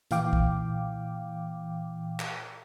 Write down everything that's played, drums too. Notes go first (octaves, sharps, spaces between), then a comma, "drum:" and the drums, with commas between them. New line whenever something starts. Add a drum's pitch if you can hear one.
A#2 E3 F5 G5 D6, drum: hi-hat
drum: kick
drum: clap